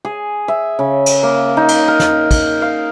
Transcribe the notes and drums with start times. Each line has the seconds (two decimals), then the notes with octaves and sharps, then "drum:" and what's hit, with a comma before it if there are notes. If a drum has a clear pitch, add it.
0.05 G#4
0.48 E5
0.79 C#3
1.06 drum: cymbal
1.23 A#3
1.57 D#4
1.68 drum: cymbal
1.88 A#4
2.00 drum: snare
2.31 drum: kick, cymbal
2.62 F5